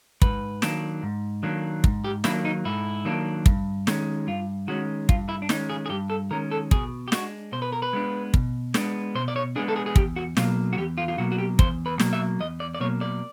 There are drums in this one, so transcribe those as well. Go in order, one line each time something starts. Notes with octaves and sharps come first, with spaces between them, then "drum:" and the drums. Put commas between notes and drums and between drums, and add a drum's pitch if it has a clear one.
G#2 B4, drum: kick
D#3 F#3 A#3 D4, drum: snare
G#2
D#3 F#3 A#3 D4
G#2, drum: kick
G4
D#3 F#3 A#3 D4 E4, drum: snare
D#4
G#2 E4
D#3 F#3 A#3 D4
G2, drum: kick
D#3 G#3 C#4, drum: snare
G2 F4
D#3 G#3 C#4 F#4
G2 F4, drum: kick
E4
D4
D#3 G#3 C#4 D#4, drum: snare
G#4
G#4
G2 G4
A4
D#3 G#3 C#4 A#4
A4
B2 G#4, drum: kick
G4
G#3 B3 D4 F#4, drum: snare
B2 C5
B4
A#4
B4
G#3 B3 D4
B2, drum: kick
G#3 B3 D4, drum: snare
B2 C5
D5
C#5
G#3 B3 D4 G#4
A4
G#4
G#4
E2 G4, drum: kick
F#4
B2 F#3 A#3 F4, drum: snare
F#4
E2 G4
F4
F4
B2 F#3 A#3 F#4
F#4
G4
E2 C5, drum: kick
B4
B2 F#3 A#3, drum: snare
E5
E2 D#5
D5
D5
B2 F#3 A#3 C#5
D5